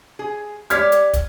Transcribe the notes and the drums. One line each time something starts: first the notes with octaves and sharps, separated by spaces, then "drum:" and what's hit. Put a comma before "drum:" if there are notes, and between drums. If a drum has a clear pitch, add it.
G#4
G4 C#5 D5 F6 G#6 B6, drum: hi-hat
drum: hi-hat
drum: kick, hi-hat